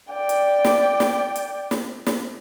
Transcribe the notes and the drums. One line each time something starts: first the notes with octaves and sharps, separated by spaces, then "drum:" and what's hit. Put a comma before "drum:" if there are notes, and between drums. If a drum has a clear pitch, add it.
D5 G5
drum: hi-hat
drum: snare
drum: snare
drum: hi-hat
drum: snare
drum: snare